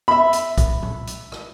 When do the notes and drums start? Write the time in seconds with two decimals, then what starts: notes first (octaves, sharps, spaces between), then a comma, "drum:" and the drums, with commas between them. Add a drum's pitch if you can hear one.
0.08 E5 B5
0.33 drum: hi-hat
0.58 drum: kick B1, hi-hat
0.82 drum: tom A#2
1.07 drum: hi-hat
1.32 drum: rim click